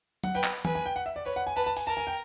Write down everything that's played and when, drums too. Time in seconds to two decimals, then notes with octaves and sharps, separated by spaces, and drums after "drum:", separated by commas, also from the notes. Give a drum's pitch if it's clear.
0.24 F#5, drum: tom
0.35 B4 G5
0.44 drum: clap
0.65 B4 G#5, drum: tom
0.75 G#5
0.86 G5
0.96 F#5
1.06 E5
1.16 D5
1.25 B4 C#5
1.36 F#5
1.47 G#5
1.56 B4 A5
1.66 A5
1.77 G#5, drum: open hi-hat
1.87 A#4 A5
1.97 G#5
2.07 G5